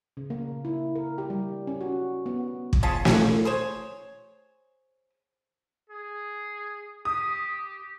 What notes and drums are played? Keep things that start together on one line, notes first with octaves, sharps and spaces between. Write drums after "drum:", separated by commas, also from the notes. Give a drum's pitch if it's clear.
C#3
A#3
E4
A#4
G4
G3
C#4
F#4
B3
drum: kick
C#4 F4 G#4 A5
C#5, drum: snare
G#4 C5 C#5
G#4
G4 D#6